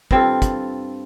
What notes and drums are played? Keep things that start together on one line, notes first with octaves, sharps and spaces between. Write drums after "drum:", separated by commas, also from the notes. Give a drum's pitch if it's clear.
G2 C4 F4 A4, drum: kick
drum: kick, hi-hat